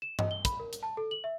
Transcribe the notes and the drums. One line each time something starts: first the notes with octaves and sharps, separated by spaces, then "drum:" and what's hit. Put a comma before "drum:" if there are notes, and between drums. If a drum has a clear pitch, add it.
E7
D#5, drum: tom G2
G7
B5, drum: kick, hi-hat
A#4
drum: hi-hat
A5
A4
F#7
E5